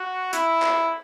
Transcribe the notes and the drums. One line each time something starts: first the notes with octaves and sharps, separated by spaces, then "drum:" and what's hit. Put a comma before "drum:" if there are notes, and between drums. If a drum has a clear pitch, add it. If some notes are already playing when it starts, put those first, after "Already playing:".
Already playing: F#4
E4, drum: hi-hat
drum: clap